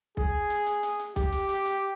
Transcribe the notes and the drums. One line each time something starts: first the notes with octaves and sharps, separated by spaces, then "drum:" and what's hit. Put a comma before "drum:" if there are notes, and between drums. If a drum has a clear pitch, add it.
G#4, drum: kick B1
drum: hi-hat
drum: hi-hat
drum: hi-hat
drum: hi-hat
G4, drum: kick B1, hi-hat
drum: hi-hat
drum: hi-hat
drum: hi-hat